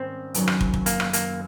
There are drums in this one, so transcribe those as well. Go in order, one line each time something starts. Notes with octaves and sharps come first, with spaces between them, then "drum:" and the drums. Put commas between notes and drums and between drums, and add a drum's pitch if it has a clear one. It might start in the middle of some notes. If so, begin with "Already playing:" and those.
Already playing: G#2 D#3 G3 A#3 C4 C#4
F#1 F#2 D#3 F#3, drum: hi-hat
drum: rim click
drum: kick
drum: kick
A#3, drum: hi-hat
drum: rim click
A#3, drum: hi-hat